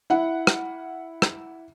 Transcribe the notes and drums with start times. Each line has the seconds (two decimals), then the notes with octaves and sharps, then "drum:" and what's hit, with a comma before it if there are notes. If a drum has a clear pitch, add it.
0.10 E4 F#5
0.47 drum: rim click
1.22 drum: rim click